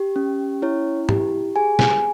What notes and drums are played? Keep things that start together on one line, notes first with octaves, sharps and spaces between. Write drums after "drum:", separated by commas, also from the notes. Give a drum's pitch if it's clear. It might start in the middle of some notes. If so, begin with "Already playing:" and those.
Already playing: G4
C#4
E4 C#5
G4, drum: tom
G#4 G#5
G#5, drum: snare